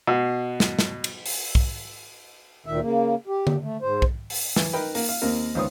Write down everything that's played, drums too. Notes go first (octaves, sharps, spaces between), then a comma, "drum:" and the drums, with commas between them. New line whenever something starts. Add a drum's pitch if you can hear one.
B2
drum: snare
drum: snare
drum: cymbal
drum: open hi-hat
drum: kick
D2 A#2 D#3 E5
C#3 A#3
G4
drum: tom D3
A3
G#2 C5
drum: kick
drum: open hi-hat
E3, drum: snare
D#4 A#4 B4 G5 B5
A#3, drum: open hi-hat
F5
D#2 A#3 C4 A#4
C#2 D#3 B3 C5 C#5 D#6